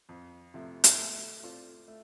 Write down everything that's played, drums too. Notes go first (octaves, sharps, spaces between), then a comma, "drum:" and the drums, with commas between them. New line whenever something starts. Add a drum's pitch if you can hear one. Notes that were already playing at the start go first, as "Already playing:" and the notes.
F2
C3 F3 A3
drum: hi-hat
A3
C4 F4 A4 D5
A3